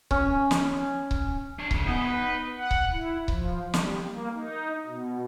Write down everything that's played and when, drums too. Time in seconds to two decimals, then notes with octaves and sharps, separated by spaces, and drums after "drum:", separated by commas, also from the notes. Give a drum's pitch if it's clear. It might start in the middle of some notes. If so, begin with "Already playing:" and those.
0.11 C#4, drum: kick C#1
0.51 drum: snare
1.11 drum: kick C#1
1.59 D4 C#5
1.71 F2 C#3, drum: kick C#1
1.86 B3 D#4 E5 G#5
2.02 B4 B5
2.57 F#5
2.71 drum: kick C#1
2.92 E4
3.28 F3, drum: kick C#1
3.74 G3, drum: snare
4.06 A#3
4.34 D#4
4.86 B2